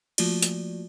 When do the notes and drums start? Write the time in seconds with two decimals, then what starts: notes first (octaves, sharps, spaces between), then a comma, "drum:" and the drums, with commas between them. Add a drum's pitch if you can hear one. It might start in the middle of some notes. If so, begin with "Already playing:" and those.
0.18 F3 A3 A#3 F4 F#4 D5, drum: cymbal
0.42 drum: hi-hat